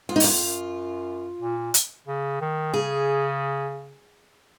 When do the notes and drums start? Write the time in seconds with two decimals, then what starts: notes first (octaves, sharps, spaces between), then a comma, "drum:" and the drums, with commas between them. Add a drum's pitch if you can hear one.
0.09 G#2 F4
0.16 D#4
0.20 F#2 F4, drum: open hi-hat
0.32 F2
0.43 F#2
1.41 A#2
1.74 drum: hi-hat
2.07 C#3
2.41 D#3
2.74 C#3 G#4